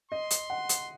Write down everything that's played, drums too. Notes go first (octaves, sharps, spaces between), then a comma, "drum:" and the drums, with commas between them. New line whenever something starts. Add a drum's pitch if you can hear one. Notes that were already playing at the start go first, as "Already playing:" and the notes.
D#5 C6
drum: hi-hat
F#5
drum: hi-hat